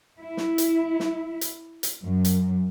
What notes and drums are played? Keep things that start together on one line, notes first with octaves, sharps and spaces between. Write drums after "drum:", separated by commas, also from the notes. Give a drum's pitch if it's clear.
E4
drum: snare
drum: hi-hat
drum: snare
drum: hi-hat
drum: hi-hat
F#2
drum: hi-hat